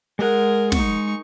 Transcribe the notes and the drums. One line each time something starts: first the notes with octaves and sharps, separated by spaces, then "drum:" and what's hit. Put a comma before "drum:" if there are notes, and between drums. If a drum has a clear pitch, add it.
G#3 G#4 A#4 F#5
D#4 C#6, drum: snare